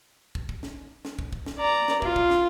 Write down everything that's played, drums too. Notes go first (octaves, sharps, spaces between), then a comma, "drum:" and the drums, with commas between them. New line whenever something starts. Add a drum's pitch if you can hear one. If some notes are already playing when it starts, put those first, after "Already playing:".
drum: kick
drum: kick
drum: snare
drum: snare
drum: kick
drum: kick
drum: snare
D5 A#5
drum: snare
F4, drum: kick
drum: kick
drum: snare